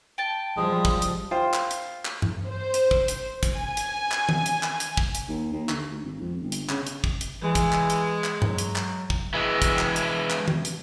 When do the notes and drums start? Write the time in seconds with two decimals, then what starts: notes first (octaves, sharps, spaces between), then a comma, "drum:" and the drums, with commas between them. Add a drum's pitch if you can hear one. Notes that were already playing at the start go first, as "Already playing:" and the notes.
0.18 G5 A5
0.57 F3 G3 G#3 D#6
0.85 drum: kick
1.02 drum: hi-hat
1.31 F4 C5 G5
1.54 drum: clap
1.71 drum: hi-hat
2.05 drum: clap
2.22 drum: tom G2
2.48 C5
2.74 drum: hi-hat
2.91 drum: kick
3.08 drum: hi-hat
3.43 drum: kick, hi-hat
3.56 G#5
3.77 drum: hi-hat
4.11 drum: clap
4.29 drum: tom D#3
4.46 drum: hi-hat
4.63 drum: clap
4.80 drum: hi-hat
4.97 drum: kick
5.15 drum: hi-hat
5.28 D#2
5.53 D#2
5.69 D3, drum: clap
5.90 D2
6.04 G#1
6.21 F2
6.41 G1
6.52 drum: hi-hat
6.69 C#3, drum: clap
6.87 drum: hi-hat
7.04 drum: kick
7.21 drum: hi-hat
7.42 E3 G#3
7.55 drum: kick, hi-hat
7.73 drum: clap
7.90 drum: hi-hat
8.24 drum: clap
8.42 F#3, drum: tom G2
8.58 drum: hi-hat
8.76 drum: clap
9.10 drum: kick
9.34 E3 G#3
9.62 drum: kick, hi-hat
9.79 drum: clap
9.96 drum: hi-hat
10.30 drum: clap
10.48 drum: tom D#3
10.65 drum: hi-hat